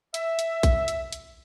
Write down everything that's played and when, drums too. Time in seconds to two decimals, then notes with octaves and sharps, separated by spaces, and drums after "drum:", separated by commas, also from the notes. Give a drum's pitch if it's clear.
0.14 E5, drum: hi-hat
0.39 drum: hi-hat
0.63 drum: kick A#1, hi-hat
0.88 drum: hi-hat
1.13 drum: hi-hat